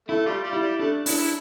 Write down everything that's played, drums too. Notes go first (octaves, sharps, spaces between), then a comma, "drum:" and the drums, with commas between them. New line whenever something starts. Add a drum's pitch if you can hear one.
A3 E4
G3 F4
G3
E4
G3
A3 D4
D4 E4, drum: open hi-hat
E4